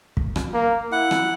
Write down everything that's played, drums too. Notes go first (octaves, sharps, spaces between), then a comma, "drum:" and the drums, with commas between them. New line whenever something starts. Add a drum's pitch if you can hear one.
drum: kick
drum: rim click
A#3
E4 F#5
drum: rim click